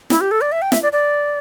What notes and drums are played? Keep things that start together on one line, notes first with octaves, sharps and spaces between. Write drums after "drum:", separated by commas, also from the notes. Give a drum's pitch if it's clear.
E4, drum: snare
G4
A4
D5
E5
G5
E5, drum: snare
D5
D5